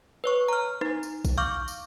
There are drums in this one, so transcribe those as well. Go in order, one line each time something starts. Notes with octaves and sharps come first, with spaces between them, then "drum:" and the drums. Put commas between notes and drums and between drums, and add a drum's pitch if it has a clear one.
B4 C#5 C#6
A#5 F6
D#4, drum: rim click
drum: tambourine
drum: kick A#1, tambourine
F5 C#6 D6 F6 G6
drum: tambourine